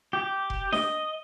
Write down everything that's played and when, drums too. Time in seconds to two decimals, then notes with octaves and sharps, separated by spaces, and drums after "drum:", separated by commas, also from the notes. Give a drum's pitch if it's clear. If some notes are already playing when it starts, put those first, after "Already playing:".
0.13 G4
0.50 drum: kick F1
0.73 D#5, drum: snare D4